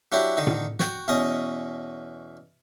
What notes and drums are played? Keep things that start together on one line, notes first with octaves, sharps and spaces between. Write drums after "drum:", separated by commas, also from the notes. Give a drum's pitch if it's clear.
F#3 D4 E4 F#4 G4
D3 D#3 D#4
drum: tom A2
F#4 G5, drum: snare
E2 B2 C#4 D#5 D#6